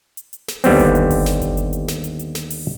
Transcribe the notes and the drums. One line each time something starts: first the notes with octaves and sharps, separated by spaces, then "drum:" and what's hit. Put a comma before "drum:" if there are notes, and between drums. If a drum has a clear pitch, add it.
drum: hi-hat
drum: hi-hat
drum: snare
D#2 D3 G3 B3 C4, drum: open hi-hat
drum: kick G1, hi-hat
drum: hi-hat
drum: kick G1, open hi-hat
drum: snare
drum: kick G1, hi-hat
drum: hi-hat
drum: hi-hat
drum: snare
drum: hi-hat
drum: hi-hat
drum: snare
drum: open hi-hat